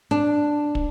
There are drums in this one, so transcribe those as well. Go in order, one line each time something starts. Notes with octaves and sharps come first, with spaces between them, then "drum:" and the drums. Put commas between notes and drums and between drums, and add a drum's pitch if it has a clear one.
D4
drum: kick